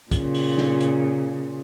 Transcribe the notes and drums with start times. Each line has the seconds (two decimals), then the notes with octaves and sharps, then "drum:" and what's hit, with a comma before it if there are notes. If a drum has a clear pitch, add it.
0.11 A#2 C#3, drum: kick, hi-hat
0.34 drum: open hi-hat
0.58 drum: snare
0.81 drum: hi-hat